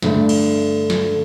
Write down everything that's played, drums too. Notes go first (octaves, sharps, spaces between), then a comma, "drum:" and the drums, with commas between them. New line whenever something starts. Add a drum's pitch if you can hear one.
G2 D3 A3, drum: snare
drum: cymbal
drum: snare